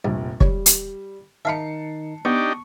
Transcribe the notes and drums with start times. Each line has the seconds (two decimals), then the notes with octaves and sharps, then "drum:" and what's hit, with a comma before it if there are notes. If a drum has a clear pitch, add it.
0.05 F1 A#1 G2
0.41 G3 C#5, drum: kick
0.66 drum: hi-hat
1.45 D#3 D#4 E5 F5 A5 B5 C7 C#7
2.25 B3 D4 D#4 G4 C#6